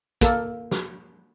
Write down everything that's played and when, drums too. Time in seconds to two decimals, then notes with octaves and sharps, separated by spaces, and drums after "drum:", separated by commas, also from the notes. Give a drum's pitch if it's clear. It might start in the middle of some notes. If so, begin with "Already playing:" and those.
0.21 A#3 A4, drum: kick, hi-hat
0.71 drum: snare